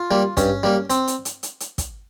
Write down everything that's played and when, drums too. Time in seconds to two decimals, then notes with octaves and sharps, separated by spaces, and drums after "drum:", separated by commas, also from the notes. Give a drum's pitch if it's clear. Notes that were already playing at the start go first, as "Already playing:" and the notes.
Already playing: F4
0.11 G3 A#3
0.37 G2 C#4, drum: kick, hi-hat
0.63 G3 A#3
0.90 C4, drum: hi-hat
1.08 drum: hi-hat
1.25 drum: hi-hat
1.43 drum: hi-hat
1.60 drum: hi-hat
1.78 drum: kick, hi-hat